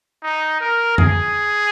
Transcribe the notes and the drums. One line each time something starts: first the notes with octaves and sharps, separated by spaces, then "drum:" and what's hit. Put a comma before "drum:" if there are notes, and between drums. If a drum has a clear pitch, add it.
D#4
A#4
G#4, drum: tom F2